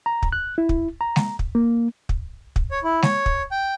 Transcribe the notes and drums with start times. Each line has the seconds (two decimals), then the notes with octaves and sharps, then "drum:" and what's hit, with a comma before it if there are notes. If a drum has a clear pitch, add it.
0.06 A#5
0.22 drum: kick
0.32 F#6
0.58 E4
0.69 drum: kick
1.01 A#5
1.16 drum: snare G#3
1.39 drum: kick
1.55 A#3
2.09 drum: kick
2.56 drum: kick
2.71 C#5
2.84 E4
3.02 C#5, drum: snare G#3
3.26 drum: kick
3.51 G5